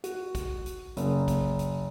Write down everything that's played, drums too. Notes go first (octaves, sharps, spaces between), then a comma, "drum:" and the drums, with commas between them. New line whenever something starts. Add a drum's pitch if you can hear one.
F#4, drum: hi-hat
drum: kick, hi-hat
drum: hi-hat
F#1, drum: hi-hat
drum: kick, hi-hat
drum: hi-hat